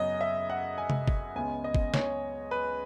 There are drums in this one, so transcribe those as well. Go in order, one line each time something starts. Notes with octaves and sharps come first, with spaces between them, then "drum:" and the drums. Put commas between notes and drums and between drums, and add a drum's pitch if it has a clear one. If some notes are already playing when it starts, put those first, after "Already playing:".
Already playing: F#2 C#3 F#3 B3 D#5
E5
F#5
G#5
drum: tom C3
drum: kick G1
C#2 C#3 G#3 B3 G#5
D#5
drum: kick G1
C#5, drum: snare
B4